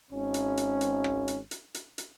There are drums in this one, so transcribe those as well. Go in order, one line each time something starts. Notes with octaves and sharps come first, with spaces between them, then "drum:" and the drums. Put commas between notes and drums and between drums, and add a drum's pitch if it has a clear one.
G#1 C#4
drum: hi-hat
drum: hi-hat
drum: hi-hat
drum: rim click
drum: hi-hat
drum: hi-hat
drum: hi-hat
drum: hi-hat